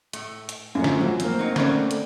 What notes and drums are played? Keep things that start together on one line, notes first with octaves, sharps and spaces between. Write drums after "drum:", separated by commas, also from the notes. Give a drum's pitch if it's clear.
A2 A3, drum: hi-hat
drum: hi-hat
F#2 A2 F3 F#3 G#3
drum: snare
E3 F#3
A#3 C4, drum: hi-hat
F#3 D#4
A3 B3 C#4 D5, drum: snare
drum: hi-hat